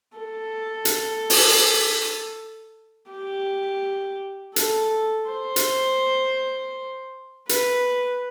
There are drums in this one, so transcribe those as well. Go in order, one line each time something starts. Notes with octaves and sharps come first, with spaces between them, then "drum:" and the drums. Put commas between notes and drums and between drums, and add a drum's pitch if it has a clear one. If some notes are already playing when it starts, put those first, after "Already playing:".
A4
drum: hi-hat
drum: open hi-hat
G4
A4, drum: hi-hat
C5
drum: hi-hat
B4, drum: hi-hat